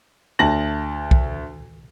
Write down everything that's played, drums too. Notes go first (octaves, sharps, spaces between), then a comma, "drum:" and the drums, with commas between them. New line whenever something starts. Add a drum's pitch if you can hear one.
D2 A5 A#6 F#7
drum: kick B1